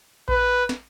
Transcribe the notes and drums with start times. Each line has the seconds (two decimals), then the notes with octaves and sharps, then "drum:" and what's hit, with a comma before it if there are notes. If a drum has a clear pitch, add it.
0.28 B4, drum: kick A#1
0.69 drum: snare